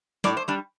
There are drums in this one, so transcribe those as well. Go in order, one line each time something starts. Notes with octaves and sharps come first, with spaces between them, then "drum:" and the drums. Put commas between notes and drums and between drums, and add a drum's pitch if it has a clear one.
A2 D5, drum: snare
C5
G3 D4